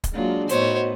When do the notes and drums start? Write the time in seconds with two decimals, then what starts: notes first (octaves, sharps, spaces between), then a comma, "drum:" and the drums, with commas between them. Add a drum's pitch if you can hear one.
0.04 drum: kick, hi-hat
0.13 F#3 G#3 A#3 D4 F4
0.49 A2 B3 D#4 F#4 C5 C#5 D#5, drum: hi-hat